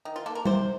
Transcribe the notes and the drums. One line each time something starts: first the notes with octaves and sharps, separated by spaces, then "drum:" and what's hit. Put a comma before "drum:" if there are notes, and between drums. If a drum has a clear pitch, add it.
D#3
F4
A#3 A4
A#4
C3 C5, drum: tom G3